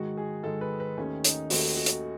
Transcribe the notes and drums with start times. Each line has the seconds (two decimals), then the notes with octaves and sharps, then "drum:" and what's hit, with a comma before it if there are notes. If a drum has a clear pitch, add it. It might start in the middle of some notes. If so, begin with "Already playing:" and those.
Already playing: G#2 D#3 G#3 F#4
0.17 G#4
0.43 G#2 D#3 G#3 A4
0.61 B4
0.80 B4
0.98 D#2 D#3 A3 C#4
1.24 D#4, drum: hi-hat
1.50 D#2 D#3 A3 F#4, drum: open hi-hat
1.77 F#4
1.86 drum: hi-hat